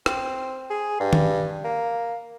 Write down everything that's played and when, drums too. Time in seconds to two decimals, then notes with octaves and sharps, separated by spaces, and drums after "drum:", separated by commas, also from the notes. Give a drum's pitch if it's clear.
0.06 C4, drum: rim click
0.71 G#4
1.00 G2
1.13 drum: tom
1.64 A#3